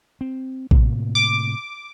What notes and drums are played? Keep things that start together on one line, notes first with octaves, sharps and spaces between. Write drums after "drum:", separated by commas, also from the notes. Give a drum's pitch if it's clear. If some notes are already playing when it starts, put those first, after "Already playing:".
C4
A2 C3 A#3, drum: kick A#1
D6